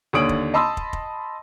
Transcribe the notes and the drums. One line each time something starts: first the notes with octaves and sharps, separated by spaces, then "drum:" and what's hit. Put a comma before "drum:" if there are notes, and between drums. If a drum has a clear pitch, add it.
D#2 D3 C#5 D#6 D7 F#7
drum: kick
D#5 A5 B5 C6 D#6 E6
drum: kick
drum: kick